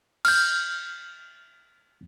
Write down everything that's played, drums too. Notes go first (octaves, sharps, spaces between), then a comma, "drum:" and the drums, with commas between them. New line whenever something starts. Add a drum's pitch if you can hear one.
F6 G6, drum: cymbal